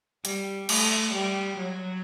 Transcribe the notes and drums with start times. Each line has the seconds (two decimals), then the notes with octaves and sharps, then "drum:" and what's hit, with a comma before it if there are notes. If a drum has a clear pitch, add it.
0.25 G3, drum: hi-hat
0.69 A3, drum: cymbal
1.13 G3
1.56 F#3